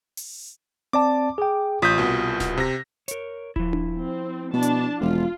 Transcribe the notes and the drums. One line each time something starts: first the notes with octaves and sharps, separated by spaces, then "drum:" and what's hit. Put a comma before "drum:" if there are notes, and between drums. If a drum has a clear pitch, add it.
drum: open hi-hat
C4 D5 A5 D6
G#4 G5
A1 F4 D#6 G6 B6
C2 B2
drum: snare D1
C3 A#6
A#4 C#5, drum: hi-hat
F3 E4, drum: kick D#1
drum: tom D4
C4
B2 D4 A5
drum: hi-hat
E1 F4